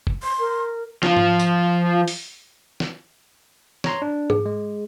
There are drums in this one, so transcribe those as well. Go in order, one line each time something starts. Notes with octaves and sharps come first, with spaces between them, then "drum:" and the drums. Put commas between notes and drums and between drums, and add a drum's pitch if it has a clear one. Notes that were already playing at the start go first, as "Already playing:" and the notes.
drum: kick
C6
A#4
F3 F4, drum: snare
drum: tom G#2
drum: tambourine
drum: open hi-hat
drum: snare
C#5 A#5 C6, drum: snare
D4
G#4, drum: tom G#2
G#3